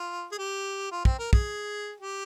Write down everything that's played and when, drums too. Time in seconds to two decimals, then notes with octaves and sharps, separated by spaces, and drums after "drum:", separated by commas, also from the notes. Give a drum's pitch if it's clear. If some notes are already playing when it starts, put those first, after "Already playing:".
Already playing: F4
0.32 G#4
0.38 G4
0.92 F4
1.05 C4, drum: kick
1.19 A#4
1.33 G#4, drum: kick
2.00 G4